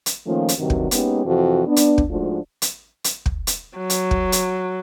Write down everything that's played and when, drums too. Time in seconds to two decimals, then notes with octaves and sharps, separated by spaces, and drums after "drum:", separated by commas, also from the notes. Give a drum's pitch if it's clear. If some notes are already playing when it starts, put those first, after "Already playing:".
0.06 drum: hi-hat
0.26 D#3 F3 A3 A#3 C#4 F4
0.49 drum: hi-hat
0.58 G2 C3 D#3 F#3 C4 F#4
0.70 drum: kick
0.91 G#3 A#3 B3 C#4 D#4 G4, drum: hi-hat
1.26 F2 C3 E3 F#4
1.67 B3 D4
1.76 drum: hi-hat
1.98 drum: kick
2.10 G#2 F3 A3 D4 F4 F#4
2.62 drum: hi-hat
3.04 drum: hi-hat
3.26 drum: kick
3.47 drum: hi-hat
3.78 F#3
3.90 drum: hi-hat
4.11 drum: kick
4.32 drum: hi-hat